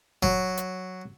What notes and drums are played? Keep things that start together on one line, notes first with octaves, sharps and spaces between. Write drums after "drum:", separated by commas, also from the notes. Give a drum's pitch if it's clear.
F#3, drum: kick
drum: hi-hat